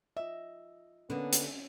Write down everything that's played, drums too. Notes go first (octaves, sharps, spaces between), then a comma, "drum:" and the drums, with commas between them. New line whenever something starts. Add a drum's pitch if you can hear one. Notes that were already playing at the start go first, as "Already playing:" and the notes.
F4 D#5 E5
D3 A#3 B3 C#4
drum: hi-hat